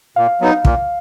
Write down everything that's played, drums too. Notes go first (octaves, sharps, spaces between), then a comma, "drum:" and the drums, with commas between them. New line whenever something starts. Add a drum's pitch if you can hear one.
A#2 F5
F#3 B3 D#4
A#2, drum: kick